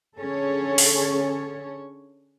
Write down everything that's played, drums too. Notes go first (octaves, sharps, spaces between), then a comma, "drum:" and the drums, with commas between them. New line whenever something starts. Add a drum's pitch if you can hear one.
D3 C#4 G#4 A4 C#5
drum: open hi-hat